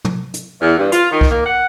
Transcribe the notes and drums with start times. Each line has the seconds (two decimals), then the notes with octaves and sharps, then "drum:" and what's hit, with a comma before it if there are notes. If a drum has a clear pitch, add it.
0.05 drum: tom
0.34 drum: hi-hat
0.62 E2
0.77 G2
0.92 F4, drum: hi-hat
1.11 D#3
1.21 drum: kick C2
1.31 A#3
1.44 F#5